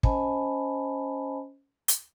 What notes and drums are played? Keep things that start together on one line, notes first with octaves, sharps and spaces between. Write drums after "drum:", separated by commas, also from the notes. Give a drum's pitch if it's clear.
C#4 C5 D#5 G#5 A5 B5, drum: kick
drum: hi-hat